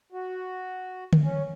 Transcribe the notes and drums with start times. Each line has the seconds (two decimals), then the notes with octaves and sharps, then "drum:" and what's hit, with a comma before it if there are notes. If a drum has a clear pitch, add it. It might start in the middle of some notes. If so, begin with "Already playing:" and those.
0.12 F#4
1.13 drum: tom D3
1.22 C#4